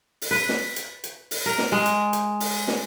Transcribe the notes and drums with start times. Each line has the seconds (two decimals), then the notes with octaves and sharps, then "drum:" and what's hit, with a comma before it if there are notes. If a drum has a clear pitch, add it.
0.22 drum: open hi-hat
0.31 B4
0.49 drum: snare
0.76 drum: hi-hat
1.04 drum: hi-hat
1.31 drum: open hi-hat
1.46 A#4
1.58 drum: snare
1.72 G#3
1.86 drum: hi-hat
2.13 drum: hi-hat
2.40 drum: open hi-hat
2.68 drum: snare